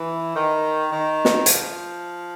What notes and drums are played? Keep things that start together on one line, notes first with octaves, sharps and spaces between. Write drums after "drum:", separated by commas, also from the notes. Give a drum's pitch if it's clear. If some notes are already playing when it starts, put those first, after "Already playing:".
Already playing: E3
D#3
D#3
drum: snare
F3, drum: hi-hat